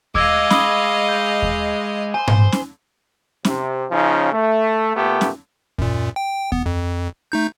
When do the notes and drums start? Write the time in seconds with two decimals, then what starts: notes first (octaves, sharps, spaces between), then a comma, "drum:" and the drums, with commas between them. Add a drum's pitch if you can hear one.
0.15 G#3 D#5 F5 D6 E6 G#6, drum: kick D#2
0.50 B5 D#6 G7, drum: snare C#4
1.09 G6
1.42 drum: kick D#2
2.14 C5 G#5
2.28 drum: tom G#2
2.52 drum: snare C#4
3.45 C3, drum: snare C#4
3.91 C#3 F3 C#4 D#4
4.33 A3
4.96 A#2 A3 B3 G4
5.21 drum: snare C#4
5.78 F#2 A#2, drum: kick D#2
6.16 G5
6.52 B3, drum: kick D#2
6.66 F2
7.32 A3 D#4 G6